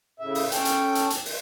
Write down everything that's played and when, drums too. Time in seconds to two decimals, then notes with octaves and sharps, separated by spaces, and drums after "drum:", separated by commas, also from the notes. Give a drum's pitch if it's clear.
0.20 A2 C#3 E5
0.35 drum: open hi-hat
0.52 C#4 A4 G5, drum: hi-hat
0.65 drum: hi-hat
0.95 drum: hi-hat
1.10 drum: hi-hat
1.25 drum: open hi-hat